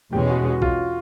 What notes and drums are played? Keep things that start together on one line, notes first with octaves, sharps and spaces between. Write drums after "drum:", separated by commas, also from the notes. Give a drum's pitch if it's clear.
E2 B2 G#3 C#4 G4
F#4
F#4
F4, drum: kick